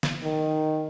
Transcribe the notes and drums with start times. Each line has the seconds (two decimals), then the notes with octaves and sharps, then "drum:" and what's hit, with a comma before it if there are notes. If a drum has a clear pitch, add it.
0.03 drum: snare
0.23 D#3